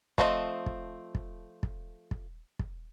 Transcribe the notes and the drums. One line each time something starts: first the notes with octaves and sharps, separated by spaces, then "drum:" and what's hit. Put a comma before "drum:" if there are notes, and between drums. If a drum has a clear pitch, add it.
F3 A3 C4 F#4 D#5, drum: kick
drum: kick
drum: kick
drum: kick
drum: kick
drum: kick